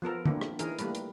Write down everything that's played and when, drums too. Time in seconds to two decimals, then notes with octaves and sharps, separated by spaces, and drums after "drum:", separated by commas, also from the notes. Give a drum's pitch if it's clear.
0.02 F3 B3 A4 A#4
0.25 D3 A#3 C4 D4 E4, drum: tom
0.41 drum: rim click
0.59 E3 D#4 G#4 A#4, drum: hi-hat
0.79 G3 A3 A#3 B4, drum: hi-hat
0.95 drum: hi-hat